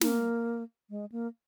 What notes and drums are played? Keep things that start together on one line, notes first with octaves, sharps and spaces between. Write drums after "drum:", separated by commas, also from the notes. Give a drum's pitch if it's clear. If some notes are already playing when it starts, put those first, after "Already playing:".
A#3, drum: snare
G#3
A#3